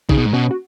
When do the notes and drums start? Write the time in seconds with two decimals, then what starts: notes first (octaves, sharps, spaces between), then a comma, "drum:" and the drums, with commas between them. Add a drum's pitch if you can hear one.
0.09 C#3 D#4 G#4, drum: kick A1
0.18 B2
0.26 G#2
0.33 B2 C#4 F#4
0.51 F#4